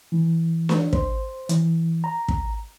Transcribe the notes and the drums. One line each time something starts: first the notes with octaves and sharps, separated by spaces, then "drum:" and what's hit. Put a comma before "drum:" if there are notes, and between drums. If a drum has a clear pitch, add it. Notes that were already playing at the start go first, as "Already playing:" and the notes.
E3
drum: snare
C5, drum: kick
E3, drum: hi-hat
A#5
drum: kick